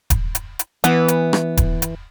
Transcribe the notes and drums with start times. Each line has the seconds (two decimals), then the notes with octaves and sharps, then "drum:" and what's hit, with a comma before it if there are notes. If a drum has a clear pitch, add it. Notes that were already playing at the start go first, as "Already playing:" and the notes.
0.10 drum: kick D#1, hi-hat
0.35 drum: hi-hat
0.59 drum: hi-hat
0.84 E3 B3, drum: hi-hat
1.08 drum: hi-hat
1.33 drum: rim click
1.57 drum: kick D#1, hi-hat
1.82 drum: hi-hat